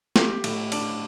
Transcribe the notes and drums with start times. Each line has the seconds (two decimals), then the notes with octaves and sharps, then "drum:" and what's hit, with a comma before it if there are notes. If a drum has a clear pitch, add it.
0.16 G4, drum: snare
0.44 A2, drum: cymbal
0.72 D4, drum: cymbal